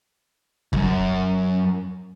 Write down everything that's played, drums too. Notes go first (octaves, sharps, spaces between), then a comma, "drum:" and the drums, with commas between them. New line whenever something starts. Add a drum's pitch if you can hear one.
C#2 F#2, drum: kick